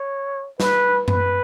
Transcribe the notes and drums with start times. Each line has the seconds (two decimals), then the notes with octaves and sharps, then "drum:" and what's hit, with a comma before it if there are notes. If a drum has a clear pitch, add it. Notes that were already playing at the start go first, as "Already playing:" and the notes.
Already playing: C#5
0.60 B4, drum: snare
1.08 B4, drum: tom F#2